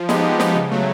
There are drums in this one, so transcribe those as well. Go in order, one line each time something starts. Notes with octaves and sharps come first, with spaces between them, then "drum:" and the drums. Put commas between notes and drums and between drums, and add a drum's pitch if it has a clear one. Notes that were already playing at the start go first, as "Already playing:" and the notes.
Already playing: F3
G#3 B3 D#4 G4, drum: snare
F3
G#3 B3 D#4 G4, drum: snare
C#3
F#3 A3